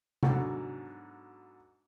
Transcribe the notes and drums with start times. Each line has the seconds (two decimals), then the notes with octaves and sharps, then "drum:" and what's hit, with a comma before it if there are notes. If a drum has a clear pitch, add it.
0.23 G#2 B2 D3 F#3, drum: tom C3